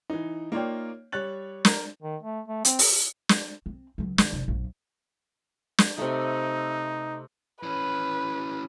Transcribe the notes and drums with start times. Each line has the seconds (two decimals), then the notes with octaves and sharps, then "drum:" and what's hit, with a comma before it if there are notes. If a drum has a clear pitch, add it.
0.10 E3 D#4
0.52 A#3 D#4 F4 C#5 D5 G5
1.12 G3 C#5 F#6 A6 F#7
1.65 A#4, drum: snare
2.02 D#3
2.23 A3
2.48 A3
2.65 C4, drum: hi-hat
2.79 drum: open hi-hat
3.29 drum: snare
3.66 C4
3.98 C#2 F#3
4.18 D#3, drum: snare
4.32 F1
4.48 A#1 F#2
5.78 drum: snare
5.98 C3 A3 D#4
7.63 E3 C#4 B4